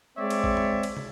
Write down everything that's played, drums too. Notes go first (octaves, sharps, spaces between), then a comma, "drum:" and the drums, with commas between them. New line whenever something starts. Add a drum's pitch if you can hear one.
G#3 C4 C#5 D5 E5
drum: cymbal
drum: kick
drum: tom F2
drum: cymbal
drum: tom